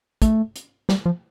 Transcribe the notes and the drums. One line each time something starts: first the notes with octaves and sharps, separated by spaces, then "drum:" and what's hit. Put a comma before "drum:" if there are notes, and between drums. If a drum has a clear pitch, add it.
A3, drum: kick, hi-hat
drum: hi-hat
G3, drum: snare
F3